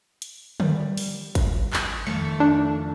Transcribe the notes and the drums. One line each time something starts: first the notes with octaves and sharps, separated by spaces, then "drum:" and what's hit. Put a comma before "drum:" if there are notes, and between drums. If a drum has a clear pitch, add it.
drum: hi-hat
G3, drum: tom D3
drum: open hi-hat
drum: kick, hi-hat
drum: clap
F2 D#3 A3 C#7
D4